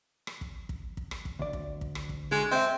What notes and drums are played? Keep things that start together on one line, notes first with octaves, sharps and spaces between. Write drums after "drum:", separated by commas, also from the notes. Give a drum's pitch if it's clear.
drum: rim click
drum: kick
drum: kick
drum: kick
drum: rim click
drum: kick
D2 D5
drum: kick
drum: kick
drum: rim click
drum: kick
D3 G#3 F#4 G#5
C4 D#5 E5